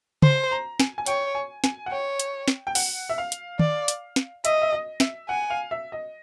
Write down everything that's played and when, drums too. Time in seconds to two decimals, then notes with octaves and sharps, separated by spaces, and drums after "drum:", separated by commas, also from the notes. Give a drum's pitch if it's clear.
0.22 C5 C6, drum: tom
0.51 A#5
0.80 G#5, drum: snare
0.98 G#5
1.06 C#5 G5, drum: hi-hat
1.35 G#5
1.64 G#5, drum: snare
1.86 F#5
1.91 C#5 G5
2.19 drum: hi-hat
2.48 drum: snare
2.67 G5
2.75 F#5, drum: open hi-hat
3.09 E5
3.18 F5
3.32 drum: hi-hat
3.59 D5, drum: tom
3.88 drum: hi-hat
4.16 drum: snare
4.45 D#5 E5, drum: hi-hat
4.62 E5
4.73 D#5
5.00 E5, drum: snare
5.29 F#5 G#5
5.50 F5
5.71 E5
5.92 D#5